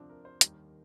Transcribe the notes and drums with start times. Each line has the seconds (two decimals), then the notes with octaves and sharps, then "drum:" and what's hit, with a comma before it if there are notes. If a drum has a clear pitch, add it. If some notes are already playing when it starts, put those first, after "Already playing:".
Already playing: D2 C3 F3 C4 D4
0.09 A#4
0.25 C5
0.41 D#2 D#3 G3 A#4, drum: hi-hat